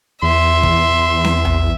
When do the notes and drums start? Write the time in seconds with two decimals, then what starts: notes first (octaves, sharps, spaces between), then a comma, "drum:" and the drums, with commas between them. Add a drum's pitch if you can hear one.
0.22 E2 E5 C6
0.63 drum: kick
1.24 drum: snare C4
1.45 drum: tom A#1